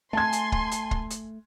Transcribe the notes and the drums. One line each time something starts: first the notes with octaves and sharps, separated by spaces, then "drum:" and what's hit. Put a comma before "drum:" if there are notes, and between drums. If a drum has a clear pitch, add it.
A3 G#5 A5 C6 G#6
drum: hi-hat
drum: kick
drum: hi-hat
drum: kick
drum: hi-hat